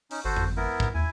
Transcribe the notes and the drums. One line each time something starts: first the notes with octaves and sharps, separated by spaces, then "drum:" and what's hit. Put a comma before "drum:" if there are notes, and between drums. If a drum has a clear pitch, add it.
C#4 D#4, drum: open hi-hat
G1 F#4 A4 C5
drum: tom F2
B3 E4 A#4
drum: kick
D#2 E4 G#5